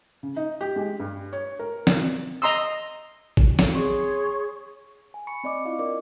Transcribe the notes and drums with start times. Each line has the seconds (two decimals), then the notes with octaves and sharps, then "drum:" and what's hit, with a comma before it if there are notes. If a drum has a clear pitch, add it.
0.23 C#3
0.36 D#4
0.61 G4
0.76 G#3
1.00 G2
1.33 C#5
1.59 A#4
1.87 drum: snare
2.42 D#5 A#5 C6 D#6 E6
3.37 drum: kick
3.59 drum: snare
3.73 G#4 C#5 C6 C#6
5.14 G#5
5.27 B5 C#6 C#7
5.44 C4 D5 D#5 D6
5.65 E4 F4 F5 D6
5.79 D4 A#4 D5 D#5 D6